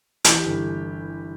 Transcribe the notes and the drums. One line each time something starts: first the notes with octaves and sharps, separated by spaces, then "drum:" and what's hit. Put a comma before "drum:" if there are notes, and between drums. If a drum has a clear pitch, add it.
E3 G4, drum: hi-hat
G1